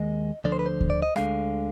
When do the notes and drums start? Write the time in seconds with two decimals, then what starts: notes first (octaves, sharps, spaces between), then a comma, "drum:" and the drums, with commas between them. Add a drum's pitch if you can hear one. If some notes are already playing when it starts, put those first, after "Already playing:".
Already playing: D#2 D#3 G#3 D#5
0.44 D2 D3 F3 D5
0.52 C5
0.59 B4
0.66 C5
0.81 drum: kick D2
0.90 D5
1.02 D#5
1.16 D2 D3 G#3 F5, drum: rim click